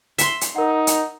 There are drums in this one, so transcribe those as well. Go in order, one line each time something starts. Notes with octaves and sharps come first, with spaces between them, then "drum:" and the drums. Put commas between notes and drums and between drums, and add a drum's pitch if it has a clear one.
E5 C6, drum: hi-hat
drum: hi-hat
D#4 A#4 F#5
drum: hi-hat